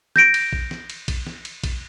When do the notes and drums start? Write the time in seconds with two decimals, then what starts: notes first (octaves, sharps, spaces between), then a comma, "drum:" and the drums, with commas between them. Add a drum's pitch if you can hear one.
0.16 G6 A#6 D7, drum: snare
0.34 drum: cymbal
0.53 drum: kick A#1
0.71 drum: snare
0.90 drum: cymbal
1.08 drum: kick A#1, cymbal
1.27 drum: snare
1.45 drum: cymbal
1.64 drum: kick A#1, cymbal